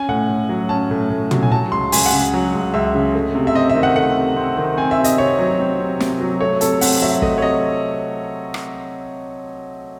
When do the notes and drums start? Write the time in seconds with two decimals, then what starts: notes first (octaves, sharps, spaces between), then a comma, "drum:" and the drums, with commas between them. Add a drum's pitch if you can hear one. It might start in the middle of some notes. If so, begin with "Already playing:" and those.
Already playing: C#4 G#5
0.09 A2 F#5
0.30 A2
0.49 F#3
0.69 C#4 A5
0.91 A2
1.10 A2
1.31 F#3, drum: tom
1.43 G#5
1.52 F#3 A5
1.72 C#2 C6
1.92 C#2 G#5, drum: open hi-hat
2.06 F#5
2.12 C#3
2.34 F#3
2.54 C#2
2.74 C#2 E5
2.95 C#3
3.15 A3
3.35 C3
3.47 E5
3.55 C4 D#5
3.69 E5
3.75 D#3
3.83 F#5
3.96 A3 F#5
4.17 C3
4.36 C4
4.57 D#3
4.77 C4 G#5
4.91 E5
4.99 C3
5.04 D#5, drum: hi-hat
5.18 C3 C#5
5.39 F#3
5.60 C4
5.80 C3
6.00 C3, drum: snare
6.20 F#3
6.41 A3 C#5
6.61 C3 A4, drum: hi-hat
6.81 C4 F#5, drum: open hi-hat
7.02 F#3 E5
7.22 A3 D#5, drum: kick
7.38 C#5
7.42 C3 D#5
8.54 drum: rim click